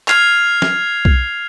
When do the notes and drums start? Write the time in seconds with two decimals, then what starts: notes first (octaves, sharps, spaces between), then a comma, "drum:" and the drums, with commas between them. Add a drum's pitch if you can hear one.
0.08 F6 G#6 C7 F7, drum: clap
0.62 drum: snare
1.05 drum: kick B1